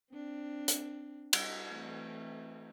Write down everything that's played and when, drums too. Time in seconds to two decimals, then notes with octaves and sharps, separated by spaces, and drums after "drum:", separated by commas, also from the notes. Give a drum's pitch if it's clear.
0.11 C4 D4
0.68 drum: hi-hat
1.33 G3, drum: cymbal
1.71 E3 A3 C4